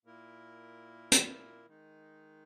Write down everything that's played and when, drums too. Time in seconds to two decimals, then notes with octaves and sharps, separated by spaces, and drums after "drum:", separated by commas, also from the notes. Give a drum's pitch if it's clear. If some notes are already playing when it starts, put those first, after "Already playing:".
0.05 A#2 A#3 E4 A#4
1.12 drum: hi-hat
1.66 D#3 G#3 D#4